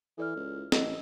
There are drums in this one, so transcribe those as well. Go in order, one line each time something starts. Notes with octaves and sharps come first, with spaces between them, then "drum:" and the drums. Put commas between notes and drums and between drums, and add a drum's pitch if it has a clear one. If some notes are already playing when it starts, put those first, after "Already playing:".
E3 A4 D5 F6
C#2
A1 D#5 E6, drum: snare